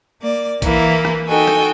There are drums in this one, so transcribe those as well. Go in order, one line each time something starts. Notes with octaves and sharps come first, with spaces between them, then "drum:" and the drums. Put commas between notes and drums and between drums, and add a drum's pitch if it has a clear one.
A#3 D5
E3 A#3 E4, drum: kick, hi-hat
drum: rim click
D#4 F#4 A4 G5 G#5
drum: rim click